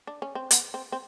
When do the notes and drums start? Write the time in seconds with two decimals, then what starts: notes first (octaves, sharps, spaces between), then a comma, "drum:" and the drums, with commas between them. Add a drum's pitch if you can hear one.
0.07 D4
0.22 C#4
0.35 C4
0.51 B3, drum: hi-hat
0.74 C4
0.92 C4